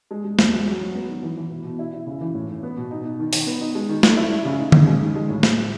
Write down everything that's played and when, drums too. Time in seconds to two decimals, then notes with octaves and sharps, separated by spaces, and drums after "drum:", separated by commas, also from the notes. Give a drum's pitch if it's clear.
0.11 G#3
0.24 G#3
0.39 E2, drum: snare
0.53 G#3
0.66 F#3
0.81 F#3
0.95 B3
1.09 D#3
1.23 E3
1.37 E3
1.51 B2
1.64 B2
1.79 E4
1.93 E4
2.07 C#3
2.21 E3
2.34 A2
2.49 A2
2.63 B3
2.77 B2
2.91 D#4
3.04 D#4
3.19 D#3
3.33 D#3, drum: open hi-hat
3.46 B3
3.61 D#4
3.75 G#3
3.89 D#3
4.03 A3, drum: snare
4.17 E4
4.31 E4
4.45 C#3
4.59 D#4
4.72 D#4, drum: tom D3
4.87 G#3
5.01 D#3
5.16 G#3
5.29 A2
5.43 G#3, drum: snare